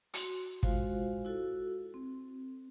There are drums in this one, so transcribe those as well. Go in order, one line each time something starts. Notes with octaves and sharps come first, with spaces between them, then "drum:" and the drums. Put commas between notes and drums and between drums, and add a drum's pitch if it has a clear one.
F#4 C6, drum: hi-hat
G#3 F4 F#4 C5 F5, drum: kick
E4 F#4 A4
C4